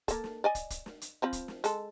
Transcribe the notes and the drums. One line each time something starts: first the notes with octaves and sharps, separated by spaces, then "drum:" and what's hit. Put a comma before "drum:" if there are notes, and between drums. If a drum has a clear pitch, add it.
A#3 A4, drum: kick, hi-hat
drum: snare
D5 D#5 G#5
drum: kick, hi-hat
drum: kick, hi-hat
drum: snare
drum: hi-hat
F3 C4 B5
drum: kick, hi-hat
drum: snare
G#3 A4, drum: hi-hat